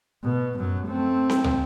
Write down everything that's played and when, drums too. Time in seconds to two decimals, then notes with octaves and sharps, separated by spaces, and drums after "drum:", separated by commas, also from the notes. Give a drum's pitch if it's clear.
0.24 B2
0.58 F#2 F#3
0.87 A3 C4
1.30 drum: snare C4
1.44 drum: tom